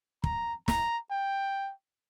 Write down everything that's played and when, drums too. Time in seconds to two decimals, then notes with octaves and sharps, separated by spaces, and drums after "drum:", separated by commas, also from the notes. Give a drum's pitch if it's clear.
0.24 A#5, drum: kick
0.68 A#5, drum: snare
1.11 G5